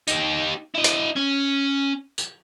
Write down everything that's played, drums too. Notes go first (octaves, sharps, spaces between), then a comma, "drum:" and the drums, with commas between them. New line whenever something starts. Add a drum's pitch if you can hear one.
D#4 G4, drum: tambourine
E4 D#5
drum: hi-hat
C#4
drum: tambourine